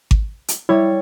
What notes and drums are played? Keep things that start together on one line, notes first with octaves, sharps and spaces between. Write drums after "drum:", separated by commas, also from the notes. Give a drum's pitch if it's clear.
drum: kick G#1
drum: hi-hat
G3 E4 C#5